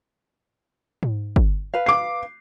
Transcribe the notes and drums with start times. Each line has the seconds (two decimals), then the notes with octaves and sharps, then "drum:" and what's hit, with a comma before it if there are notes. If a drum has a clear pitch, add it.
1.03 drum: tom G#2
1.36 drum: kick G1
1.74 B4 F5
1.86 D6 C7